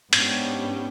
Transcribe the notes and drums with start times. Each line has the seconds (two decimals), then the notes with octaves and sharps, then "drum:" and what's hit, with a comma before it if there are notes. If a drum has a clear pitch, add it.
0.13 G#2 B3 C#4 D4 G4, drum: hi-hat